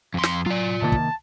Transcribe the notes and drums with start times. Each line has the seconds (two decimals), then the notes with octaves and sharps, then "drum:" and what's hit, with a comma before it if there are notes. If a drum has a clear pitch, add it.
0.14 F2 C6
0.23 drum: snare
0.46 F#3 F4 D5
0.82 C3 D#3 A#3 A5
0.92 drum: kick